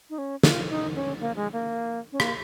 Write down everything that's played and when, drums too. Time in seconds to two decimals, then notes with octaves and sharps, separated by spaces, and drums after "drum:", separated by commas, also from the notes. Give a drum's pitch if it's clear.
0.10 D#4
0.18 C#4
0.43 F4, drum: snare
0.70 D#4
0.95 C#4
1.20 A#3
1.36 G#3
1.53 A#3
2.12 C#4
2.20 A#3, drum: rim click